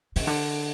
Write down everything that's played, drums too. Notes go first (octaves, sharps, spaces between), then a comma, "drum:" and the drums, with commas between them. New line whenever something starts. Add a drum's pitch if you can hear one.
C#3, drum: open hi-hat
D3